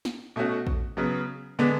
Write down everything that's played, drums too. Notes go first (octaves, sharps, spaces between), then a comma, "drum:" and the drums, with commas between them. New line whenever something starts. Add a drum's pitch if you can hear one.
drum: snare
B2 A3 C#4 F#4
drum: kick A#1
C#3 F#3 B3
D3 G#3 B3 D4